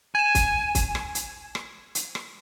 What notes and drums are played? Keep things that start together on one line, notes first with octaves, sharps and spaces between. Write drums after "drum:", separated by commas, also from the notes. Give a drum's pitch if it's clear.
G#5 G#6 E7
drum: kick, hi-hat
drum: kick, hi-hat
drum: rim click
drum: hi-hat
drum: rim click
drum: hi-hat
drum: rim click